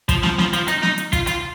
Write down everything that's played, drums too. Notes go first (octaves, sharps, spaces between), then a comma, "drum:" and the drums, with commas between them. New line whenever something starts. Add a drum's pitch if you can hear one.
F3, drum: kick, hi-hat
F3, drum: snare
F3, drum: snare
F3, drum: hi-hat
D#4, drum: hi-hat
D#4, drum: snare
drum: hi-hat
F4, drum: kick, hi-hat
F4, drum: hi-hat